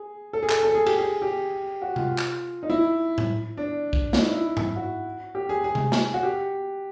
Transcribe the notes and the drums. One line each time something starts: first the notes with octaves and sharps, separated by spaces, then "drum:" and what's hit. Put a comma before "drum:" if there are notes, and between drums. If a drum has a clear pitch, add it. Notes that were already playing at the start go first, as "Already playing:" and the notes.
Already playing: G#4
A4
G#4
A4, drum: clap
A4
G#4
G4, drum: cymbal
G#4
G4
F#4
F4, drum: tom C3
drum: clap
D#4
E4
drum: tom A2
D4
drum: kick
E4, drum: snare
D#4
E4
drum: tom G#2
F#4
G4
G#4
G#4
drum: tom C3
drum: snare
F#4
G4